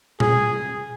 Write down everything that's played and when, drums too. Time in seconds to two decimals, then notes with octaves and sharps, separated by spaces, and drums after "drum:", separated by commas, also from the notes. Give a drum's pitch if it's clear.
0.20 G#4, drum: tom A#2